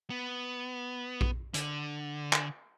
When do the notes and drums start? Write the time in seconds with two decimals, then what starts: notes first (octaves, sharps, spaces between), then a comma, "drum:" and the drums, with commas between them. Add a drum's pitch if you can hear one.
0.10 B3
1.21 drum: kick A#1
1.54 D3, drum: hi-hat
2.33 drum: clap